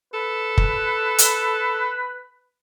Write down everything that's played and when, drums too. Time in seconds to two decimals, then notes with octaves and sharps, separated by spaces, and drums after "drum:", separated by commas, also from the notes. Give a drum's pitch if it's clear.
0.14 A4 B4
0.58 drum: kick
1.18 drum: hi-hat